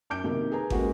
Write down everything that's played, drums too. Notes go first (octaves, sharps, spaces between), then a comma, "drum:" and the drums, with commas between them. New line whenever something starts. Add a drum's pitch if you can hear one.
F#2 D6 G6 D7
B1 C3 D#3 A#3
G#4 B4 G#5 A#5
G#3 A#3 C#4 F#4 G4 B4, drum: kick